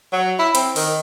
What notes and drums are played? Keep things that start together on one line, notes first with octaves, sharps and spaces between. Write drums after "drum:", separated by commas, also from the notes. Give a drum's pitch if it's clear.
F#3
E4
C4, drum: hi-hat
D#3, drum: open hi-hat